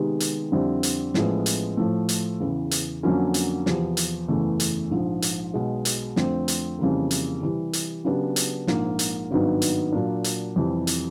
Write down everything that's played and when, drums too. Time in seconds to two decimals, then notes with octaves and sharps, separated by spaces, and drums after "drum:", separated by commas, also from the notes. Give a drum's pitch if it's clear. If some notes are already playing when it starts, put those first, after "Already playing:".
Already playing: C3 D#3 G#3 B3
0.20 drum: hi-hat
0.52 F2 D3 G3 C4 E4
0.83 drum: hi-hat
1.14 A1 A2 F3 G#3 B3, drum: snare
1.46 drum: hi-hat
1.77 A2 F3 A3
2.09 drum: hi-hat
2.40 E2 C#3 E3
2.71 drum: hi-hat
3.03 F2 D3 F#3 A#3 C#4
3.34 drum: hi-hat
3.66 E2 C3 F3, drum: snare
3.97 drum: hi-hat
4.28 F#1 E2 C#3 E3 A3
4.60 drum: hi-hat
4.91 A#1 G#2 F3
5.22 drum: hi-hat
5.54 B1 B2 G#3
5.85 drum: hi-hat
6.16 F2 D3 F3 A3 C4, drum: snare
6.48 drum: hi-hat
6.79 F2 C#3 E3 G3 A#3
7.11 drum: hi-hat
7.41 C3 E3 G3
7.73 drum: hi-hat
8.04 C#3 F#3 B3 D4 G4
8.36 drum: hi-hat
8.67 A#1 G#2 F3 A#3, drum: snare
8.99 drum: hi-hat
9.31 G#1 G2 D#3 F#3 B3
9.62 drum: hi-hat
9.92 A#2 F#3 A#3 D4
10.24 drum: hi-hat
10.56 F2 C3 E3 G3
10.87 drum: hi-hat